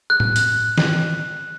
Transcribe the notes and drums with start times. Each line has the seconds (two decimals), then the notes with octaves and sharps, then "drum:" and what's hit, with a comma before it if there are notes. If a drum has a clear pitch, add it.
0.10 F#6
0.20 drum: tom A2
0.36 drum: hi-hat
0.78 drum: snare